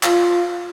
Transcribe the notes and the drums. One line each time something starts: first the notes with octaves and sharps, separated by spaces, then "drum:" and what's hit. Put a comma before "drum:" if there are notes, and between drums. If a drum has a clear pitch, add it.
F4, drum: clap